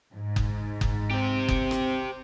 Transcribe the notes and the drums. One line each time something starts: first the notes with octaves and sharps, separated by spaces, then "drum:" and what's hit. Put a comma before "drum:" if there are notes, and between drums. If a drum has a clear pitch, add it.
G#2
drum: kick F#1
drum: kick F#1
C4 G4 C5
drum: kick F#1
drum: rim click